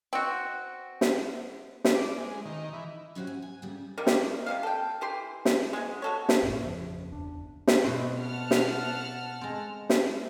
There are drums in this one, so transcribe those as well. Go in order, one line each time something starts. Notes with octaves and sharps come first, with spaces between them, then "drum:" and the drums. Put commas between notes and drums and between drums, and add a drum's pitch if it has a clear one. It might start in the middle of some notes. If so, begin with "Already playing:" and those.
C4 F#4
drum: snare
drum: snare
D5
G#3
D#3
E3
F#3 C#4 E4 F#4 G4 C5
G#5
G#5
D2 C#3 G3
D#3 G3 A#3
drum: snare
C3 D4 F5
A4 G5
E3 G4 C6
drum: snare
F#3 G#3
F#4 A4 C#5
drum: snare
A1 G2 A#2 A#3
F2 C#3 F3
D1 G1 E2 D4
drum: snare
B2 C4
F#5 A5 F6
drum: snare
G#3 C4
drum: snare